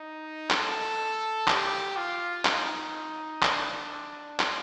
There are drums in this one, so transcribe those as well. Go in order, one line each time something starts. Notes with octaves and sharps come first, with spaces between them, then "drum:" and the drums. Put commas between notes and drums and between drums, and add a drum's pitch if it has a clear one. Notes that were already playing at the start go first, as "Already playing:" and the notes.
Already playing: D#4
A4, drum: clap
G4, drum: clap
F4
D#4, drum: clap
D4, drum: clap
drum: clap